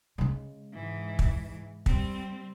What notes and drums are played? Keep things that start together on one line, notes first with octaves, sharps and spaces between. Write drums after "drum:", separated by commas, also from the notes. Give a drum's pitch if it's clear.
C#3 G#3
G#2 E3
drum: kick
G3 C4, drum: kick